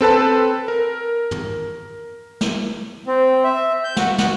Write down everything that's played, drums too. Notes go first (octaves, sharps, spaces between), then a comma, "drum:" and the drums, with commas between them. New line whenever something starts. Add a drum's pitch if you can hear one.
C4 A4 B4 A5
A#4
drum: tom
drum: snare
C4
E5
G6
F#4, drum: snare
F#4, drum: snare